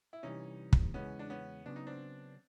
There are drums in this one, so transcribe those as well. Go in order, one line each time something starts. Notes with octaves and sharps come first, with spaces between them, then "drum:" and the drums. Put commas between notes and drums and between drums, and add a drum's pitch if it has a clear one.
E4
C3 E3 G3 C#4 D#4
drum: kick
E2 C#3 E3 G#3 B3 C#4
D4
B3 C#4
C#3 F#3 B3 D4
D#4
C4 D4